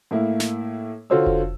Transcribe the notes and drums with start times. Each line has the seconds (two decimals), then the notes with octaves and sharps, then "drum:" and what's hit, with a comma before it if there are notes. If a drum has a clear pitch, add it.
0.11 A2 A#3 E4
0.40 drum: snare
1.10 D3 F4 F#4 C5 C#5 E6
1.26 drum: kick F1